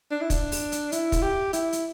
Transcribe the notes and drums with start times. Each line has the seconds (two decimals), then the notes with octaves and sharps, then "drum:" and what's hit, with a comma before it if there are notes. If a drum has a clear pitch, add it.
0.11 D4
0.21 E4
0.30 D4, drum: kick, hi-hat
0.52 drum: open hi-hat
0.72 drum: hi-hat
0.92 E4, drum: hi-hat
1.12 drum: kick, hi-hat
1.22 G4
1.53 E4, drum: hi-hat
1.73 drum: hi-hat